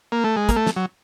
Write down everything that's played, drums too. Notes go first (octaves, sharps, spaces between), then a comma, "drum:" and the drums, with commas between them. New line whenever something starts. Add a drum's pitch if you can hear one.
A#3
A3
G#3
A#3, drum: kick, hi-hat
A3
drum: snare
F#3